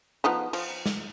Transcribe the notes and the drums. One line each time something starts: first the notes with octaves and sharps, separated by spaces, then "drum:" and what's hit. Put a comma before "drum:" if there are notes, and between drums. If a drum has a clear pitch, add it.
F3 B3 D#4
F3, drum: cymbal
drum: snare